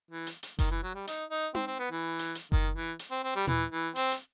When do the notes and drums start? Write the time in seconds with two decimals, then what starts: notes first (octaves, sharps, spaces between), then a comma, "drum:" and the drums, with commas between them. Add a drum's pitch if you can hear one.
0.11 E3
0.27 drum: hi-hat
0.43 drum: hi-hat
0.59 D#3, drum: kick F#1, hi-hat
0.71 E3
0.83 F#3
0.95 G3
1.07 D#4, drum: hi-hat
1.30 D#4
1.55 C4, drum: tom D#4
1.67 C4
1.79 B3
1.91 E3
2.19 drum: hi-hat
2.35 drum: hi-hat
2.52 D#3, drum: kick F#1
2.75 E3
2.99 drum: hi-hat
3.11 C4
3.24 C4
3.36 G3
3.47 E3, drum: tom A#2
3.72 E3
3.96 C4, drum: hi-hat
4.12 drum: hi-hat